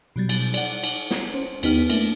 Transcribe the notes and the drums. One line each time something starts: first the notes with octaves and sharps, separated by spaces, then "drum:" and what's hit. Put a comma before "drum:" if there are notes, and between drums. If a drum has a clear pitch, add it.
B2 F#3 G3 A6
drum: cymbal
D5 F#5, drum: cymbal
drum: cymbal
drum: snare
C#4 C5
D#2 B3 D#4 G4 F6, drum: cymbal
A3 A#3 D4 E4, drum: cymbal